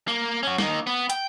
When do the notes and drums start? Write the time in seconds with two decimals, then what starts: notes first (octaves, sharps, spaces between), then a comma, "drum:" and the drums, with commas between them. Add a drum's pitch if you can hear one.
0.08 A#3
0.43 C#4 F#4
0.58 A#3 D#4, drum: snare
0.87 B3
1.10 G5, drum: hi-hat